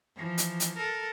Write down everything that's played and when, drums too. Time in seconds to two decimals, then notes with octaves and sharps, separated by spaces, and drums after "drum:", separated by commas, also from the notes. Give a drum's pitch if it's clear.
0.15 E3 F3
0.38 drum: hi-hat
0.60 drum: hi-hat
0.77 A4 A#4